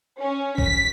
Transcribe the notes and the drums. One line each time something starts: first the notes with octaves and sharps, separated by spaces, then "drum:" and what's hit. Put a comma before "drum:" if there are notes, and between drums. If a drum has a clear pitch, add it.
C#4
B6, drum: kick